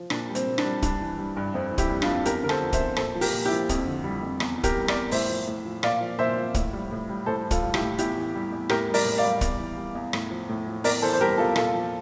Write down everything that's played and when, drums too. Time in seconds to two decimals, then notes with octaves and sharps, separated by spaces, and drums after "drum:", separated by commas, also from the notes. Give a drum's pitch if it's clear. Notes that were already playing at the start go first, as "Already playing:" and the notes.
Already playing: F3
0.10 A#2 D4, drum: rim click
0.29 G3
0.35 C4, drum: hi-hat
0.47 A#2
0.58 D4, drum: rim click
0.64 G3
0.82 G2 D4, drum: kick, hi-hat
1.01 E3
1.18 G3
1.37 G2
1.54 F2 C4
1.71 E3
1.78 E4 G4, drum: kick, hi-hat
1.90 G3
2.02 D4 F4, drum: rim click
2.07 F2
2.25 E2 G4 A#4, drum: hi-hat
2.43 D3 A#4
2.49 A4 C5, drum: rim click
2.61 F3
2.73 C5 E5, drum: kick, hi-hat
2.79 E2
2.96 A#2 A4 C5, drum: rim click
3.15 F3
3.21 G4 A#4, drum: open hi-hat
3.32 A#2
3.45 E4 G4
3.51 F3
3.69 F2, drum: kick, hi-hat
3.86 D3
4.04 G3
4.22 F2
4.40 E2, drum: rim click
4.58 E3
4.64 G4 A#4, drum: kick, hi-hat
4.76 G3
4.88 A#4 D5, drum: rim click
4.94 E2
5.11 A2 C5 E5, drum: open hi-hat
5.30 F3
5.47 A2
5.65 F3
5.83 A#2 D5 F5, drum: rim click
6.01 F3
6.19 A#2 C5 E5
6.38 F3
6.54 A2, drum: kick, hi-hat
6.73 G3
6.91 A2
7.09 G3
7.26 A2 A4 C5
7.44 E3
7.51 F4 A4, drum: kick, hi-hat
7.62 G3
7.74 E4 G4, drum: rim click
7.81 A2
7.98 E2 E4 G4, drum: hi-hat
8.17 E3
8.35 G3
8.52 E2
8.69 A2 G4 A#4, drum: rim click
8.88 G3
8.94 A#4 D5, drum: open hi-hat
9.05 A2
9.18 D5 F5
9.24 G3
9.41 E2, drum: kick, hi-hat
9.59 E3
9.77 G3
9.95 E2
10.13 A2, drum: rim click
10.30 F3
10.49 A2
10.66 F3
10.84 E2 A#4 D5, drum: open hi-hat
11.02 E3 A4 C5
11.13 C5
11.20 G3 G4 A#4
11.38 E2 F4 A4
11.56 A#2 F4 A4, drum: rim click
11.74 F3